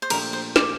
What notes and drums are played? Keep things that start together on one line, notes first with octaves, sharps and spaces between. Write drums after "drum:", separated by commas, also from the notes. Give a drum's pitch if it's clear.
C5
A#2 F3 A3 D4 G4 A#4, drum: cymbal
C5
D5, drum: snare